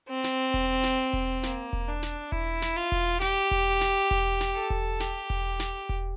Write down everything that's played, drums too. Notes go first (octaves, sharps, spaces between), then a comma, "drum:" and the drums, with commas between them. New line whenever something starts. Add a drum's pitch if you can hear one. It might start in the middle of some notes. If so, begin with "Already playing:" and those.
C4
drum: snare
drum: kick E1
drum: snare
drum: kick E1
A#3, drum: snare
drum: kick E1
D4
drum: snare
E4, drum: kick E1
drum: snare
F4
drum: kick E1
G4, drum: snare
drum: kick E1
drum: snare
drum: kick E1
drum: snare
A4
drum: kick E1
G4, drum: snare
drum: kick E1
drum: snare
drum: kick E1